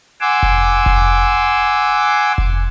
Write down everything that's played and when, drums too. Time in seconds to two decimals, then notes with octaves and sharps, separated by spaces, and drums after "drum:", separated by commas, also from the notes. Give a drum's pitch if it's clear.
0.21 F#5 G#5 C6 D6 E6
0.43 drum: kick F1
0.86 drum: kick F1
2.38 drum: kick F1